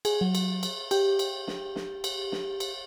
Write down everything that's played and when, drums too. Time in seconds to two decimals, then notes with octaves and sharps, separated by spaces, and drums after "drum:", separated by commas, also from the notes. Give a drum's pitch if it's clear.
0.05 G#4, drum: cymbal
0.21 F#3
0.35 drum: cymbal
0.63 drum: cymbal
0.91 G4, drum: cymbal
1.19 drum: cymbal
1.47 drum: snare
1.76 drum: snare
2.04 drum: cymbal
2.32 drum: snare
2.60 drum: cymbal